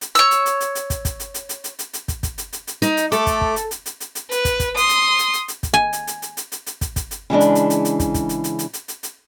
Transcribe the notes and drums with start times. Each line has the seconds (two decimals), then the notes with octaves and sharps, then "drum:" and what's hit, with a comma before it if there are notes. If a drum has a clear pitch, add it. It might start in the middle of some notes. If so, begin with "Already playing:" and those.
0.01 drum: hi-hat
0.15 C#5 E6, drum: hi-hat
0.31 drum: hi-hat
0.46 drum: hi-hat
0.60 drum: hi-hat
0.75 drum: hi-hat
0.90 drum: kick, hi-hat
1.05 drum: kick, hi-hat
1.20 drum: hi-hat
1.34 drum: hi-hat
1.49 drum: hi-hat
1.64 drum: hi-hat
1.79 drum: hi-hat
1.93 drum: hi-hat
2.08 drum: kick, hi-hat
2.23 drum: kick, hi-hat
2.38 drum: hi-hat
2.53 drum: hi-hat
2.67 drum: hi-hat
2.82 D#4, drum: hi-hat
2.97 drum: hi-hat
3.12 A3 A4 D6, drum: hi-hat
3.27 drum: kick, hi-hat
3.41 drum: kick
3.56 drum: hi-hat
3.71 drum: hi-hat
3.86 drum: hi-hat
4.00 drum: hi-hat
4.15 drum: hi-hat
4.31 B4, drum: hi-hat
4.45 drum: kick, hi-hat
4.60 drum: kick, hi-hat
4.77 C6 D#6, drum: hi-hat
4.89 drum: hi-hat
5.19 drum: hi-hat
5.33 drum: hi-hat
5.48 drum: hi-hat
5.63 drum: kick, hi-hat
5.74 G#5
5.93 drum: hi-hat
6.07 drum: hi-hat
6.22 drum: hi-hat
6.37 drum: hi-hat
6.52 drum: hi-hat
6.67 drum: hi-hat
6.81 drum: kick, hi-hat
6.96 drum: kick, hi-hat
7.11 drum: hi-hat
7.30 C#3 E3 G#3 D4
7.40 drum: hi-hat
7.55 drum: hi-hat
7.70 drum: hi-hat
7.85 drum: hi-hat
8.00 drum: kick, hi-hat
8.14 drum: kick, hi-hat
8.29 drum: hi-hat
8.44 drum: hi-hat
8.59 drum: hi-hat
8.73 drum: hi-hat
8.88 drum: hi-hat
9.03 drum: hi-hat